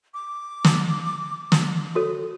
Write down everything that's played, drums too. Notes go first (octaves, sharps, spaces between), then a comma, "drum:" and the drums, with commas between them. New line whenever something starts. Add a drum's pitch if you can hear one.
D6
drum: snare
drum: snare
F#4 A4 C#5